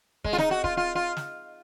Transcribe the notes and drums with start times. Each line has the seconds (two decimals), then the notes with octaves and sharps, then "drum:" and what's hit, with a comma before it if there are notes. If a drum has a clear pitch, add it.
0.24 G#3, drum: kick
0.33 F4
0.38 D#4, drum: snare
0.51 F#4
0.64 F4, drum: kick
0.77 F4
0.95 F4
1.17 drum: snare